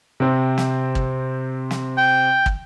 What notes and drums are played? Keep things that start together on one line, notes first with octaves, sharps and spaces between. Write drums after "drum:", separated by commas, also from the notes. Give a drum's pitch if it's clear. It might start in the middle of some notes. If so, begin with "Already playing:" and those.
C3 C4
drum: snare
drum: kick
drum: snare
G5
drum: kick